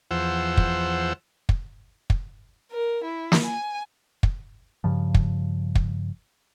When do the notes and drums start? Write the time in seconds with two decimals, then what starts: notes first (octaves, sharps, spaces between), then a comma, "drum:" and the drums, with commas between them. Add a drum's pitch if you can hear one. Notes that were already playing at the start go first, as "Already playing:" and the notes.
0.11 E2 F3 C5 F#5 E6
0.57 drum: kick
1.49 drum: kick
2.10 drum: kick
2.71 A#4
3.04 E4
3.32 drum: snare
3.45 G#5
4.23 drum: kick
4.84 G2 C#3 F3
5.14 drum: kick
5.75 drum: kick